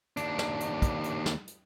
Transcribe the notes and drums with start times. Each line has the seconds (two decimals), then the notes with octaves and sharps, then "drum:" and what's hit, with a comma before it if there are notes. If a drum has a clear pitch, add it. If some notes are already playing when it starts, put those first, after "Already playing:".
0.17 D#2 D4, drum: hi-hat
0.39 drum: snare
0.60 drum: hi-hat
0.82 drum: kick, hi-hat
1.04 drum: hi-hat
1.26 drum: snare
1.48 drum: hi-hat